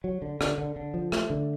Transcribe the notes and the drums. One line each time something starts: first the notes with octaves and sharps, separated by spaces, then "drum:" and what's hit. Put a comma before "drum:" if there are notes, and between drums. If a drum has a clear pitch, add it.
F#3
D3
D3, drum: rim click
D3
D3
F3
A3, drum: rim click
D3